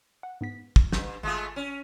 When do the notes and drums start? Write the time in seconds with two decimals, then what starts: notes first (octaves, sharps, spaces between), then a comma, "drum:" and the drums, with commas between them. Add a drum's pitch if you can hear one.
0.23 F#5
0.41 G#2 B3 B6
0.76 drum: kick
0.92 G2 G6, drum: snare
1.23 G#1 G#3 A3 F4 D#6
1.56 C#4